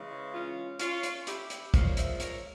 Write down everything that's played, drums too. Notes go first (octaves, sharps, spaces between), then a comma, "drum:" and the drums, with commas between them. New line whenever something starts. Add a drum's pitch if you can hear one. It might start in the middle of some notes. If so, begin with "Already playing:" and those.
Already playing: C#3 E3 G#3
C#4 F4
C#4 F4, drum: hi-hat
drum: hi-hat
E4 G4, drum: hi-hat
drum: hi-hat
A#2 F3 G#3 C#5 F5, drum: kick, hi-hat
C5 E5, drum: hi-hat
A#4 C#5, drum: hi-hat